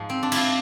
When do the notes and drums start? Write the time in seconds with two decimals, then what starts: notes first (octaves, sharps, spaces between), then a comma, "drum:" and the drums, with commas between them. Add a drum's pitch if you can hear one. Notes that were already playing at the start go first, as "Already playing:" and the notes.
Already playing: G#2 F3 G#3
0.10 C4
0.23 D4
0.32 E4 F4, drum: cymbal